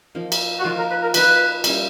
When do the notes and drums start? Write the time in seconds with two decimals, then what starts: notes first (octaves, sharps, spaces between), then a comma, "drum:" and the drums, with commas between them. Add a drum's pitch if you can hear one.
0.15 F3 A#3 D#4
0.32 drum: cymbal
0.59 F#4
0.65 F3 A#3 D#4 F4
0.77 A#4
0.90 B4
1.02 A#4
1.14 F3 A#3 D#4 B4, drum: cymbal
1.64 G3 A#3 C#4 E4, drum: cymbal